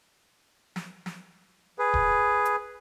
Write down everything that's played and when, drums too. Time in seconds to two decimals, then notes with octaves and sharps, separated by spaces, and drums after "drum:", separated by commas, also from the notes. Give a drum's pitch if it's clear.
0.76 drum: snare
1.06 drum: snare
1.79 G#4 B4
1.94 drum: kick D#1
2.45 drum: hi-hat